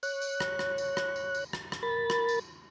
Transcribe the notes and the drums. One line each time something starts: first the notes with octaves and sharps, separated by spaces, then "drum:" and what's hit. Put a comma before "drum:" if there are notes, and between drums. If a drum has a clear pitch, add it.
C#5 F#6, drum: tambourine
drum: tambourine
drum: rim click
drum: rim click
drum: tambourine
drum: rim click
drum: tambourine
drum: tambourine
drum: rim click
drum: rim click
A#4 B5 A6
drum: rim click
drum: tambourine